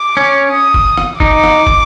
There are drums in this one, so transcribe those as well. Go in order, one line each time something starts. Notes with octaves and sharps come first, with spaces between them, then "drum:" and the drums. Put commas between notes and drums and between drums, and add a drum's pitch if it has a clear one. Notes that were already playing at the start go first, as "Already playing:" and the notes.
Already playing: D6
C#4
D#6
drum: kick
drum: rim click
D#4 D6, drum: kick
drum: rim click
drum: kick